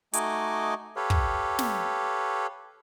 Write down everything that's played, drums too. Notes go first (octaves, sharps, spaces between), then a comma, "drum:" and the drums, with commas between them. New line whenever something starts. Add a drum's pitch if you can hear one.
A3 D#4 F#4 D#5 G#5 D6, drum: hi-hat
G4 A4 B4 C#5 F5
drum: kick
drum: snare